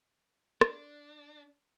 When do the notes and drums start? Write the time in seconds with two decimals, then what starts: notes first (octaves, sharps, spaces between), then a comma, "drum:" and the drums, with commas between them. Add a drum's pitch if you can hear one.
0.61 D4, drum: rim click